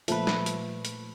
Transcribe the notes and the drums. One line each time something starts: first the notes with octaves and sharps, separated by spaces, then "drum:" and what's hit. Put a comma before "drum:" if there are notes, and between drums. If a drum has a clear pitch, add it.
A#2 F3 A3 B4, drum: hi-hat
drum: snare
drum: hi-hat
drum: hi-hat